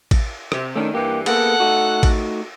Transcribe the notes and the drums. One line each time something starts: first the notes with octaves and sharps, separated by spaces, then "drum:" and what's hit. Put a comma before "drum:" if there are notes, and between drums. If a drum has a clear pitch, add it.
drum: kick A1, cymbal
C3, drum: rim click
D#3 A3 C#4 D4
G2 E3 A#3 G4
A#3 B3 G#4 A4 F#5, drum: cymbal
A3 D#4 F#4
drum: kick A1, cymbal